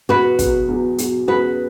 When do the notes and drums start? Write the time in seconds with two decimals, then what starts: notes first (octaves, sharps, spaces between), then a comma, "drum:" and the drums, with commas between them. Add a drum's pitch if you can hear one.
0.09 E2 B2 F#3 F#4 B4
0.39 E2 B2 F#3, drum: kick, hi-hat
0.69 E2 B2 F#3
0.98 E2 B2 F#3, drum: hi-hat
1.27 E2 C#3 F#3 B3 F#4 G#4 B4